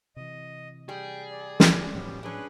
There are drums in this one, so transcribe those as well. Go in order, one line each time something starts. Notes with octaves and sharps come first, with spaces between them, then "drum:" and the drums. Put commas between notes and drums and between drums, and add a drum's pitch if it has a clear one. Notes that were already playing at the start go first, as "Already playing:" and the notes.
C3 E3 D#5
G3 G#4 G5
D5
drum: snare
A2 F3 F#3 B3 C#4 G4
C#4 D4 G#4 B4 F#6